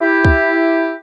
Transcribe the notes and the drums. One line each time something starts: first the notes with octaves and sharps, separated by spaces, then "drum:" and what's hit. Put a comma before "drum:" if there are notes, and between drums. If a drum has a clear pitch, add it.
E4 G4
drum: kick